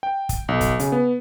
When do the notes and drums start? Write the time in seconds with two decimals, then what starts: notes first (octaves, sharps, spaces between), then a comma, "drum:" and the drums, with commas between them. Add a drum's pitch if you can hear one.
0.03 G5
0.29 drum: kick, hi-hat
0.48 B1
0.61 drum: kick, hi-hat
0.79 C#3, drum: hi-hat
0.92 B3